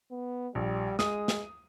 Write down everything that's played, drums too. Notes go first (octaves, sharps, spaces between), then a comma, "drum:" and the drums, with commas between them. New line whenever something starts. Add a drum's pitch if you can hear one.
B3
A#1 G3
G#3 D#6, drum: snare
drum: snare